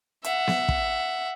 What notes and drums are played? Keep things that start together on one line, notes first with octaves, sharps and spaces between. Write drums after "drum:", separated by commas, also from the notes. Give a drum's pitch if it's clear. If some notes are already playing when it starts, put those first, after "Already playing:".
E5 F#5, drum: hi-hat
drum: snare B3
drum: kick